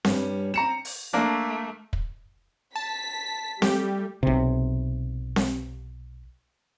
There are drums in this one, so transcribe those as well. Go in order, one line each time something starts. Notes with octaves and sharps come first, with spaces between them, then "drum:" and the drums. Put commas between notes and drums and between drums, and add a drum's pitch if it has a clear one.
G2 G3 C#4, drum: snare C4
C4 A#5 C#7 E7
drum: open hi-hat
A3 A#3 D4
drum: kick
A5 B6
G3 A3 G4, drum: snare C4
B1 C3
drum: snare C4